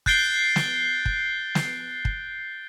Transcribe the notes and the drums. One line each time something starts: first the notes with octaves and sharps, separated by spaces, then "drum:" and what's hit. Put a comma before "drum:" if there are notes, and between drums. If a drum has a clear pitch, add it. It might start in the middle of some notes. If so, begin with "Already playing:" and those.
F#6 G6 A6 C7 D7 G7, drum: kick
drum: snare
drum: kick
drum: snare
drum: kick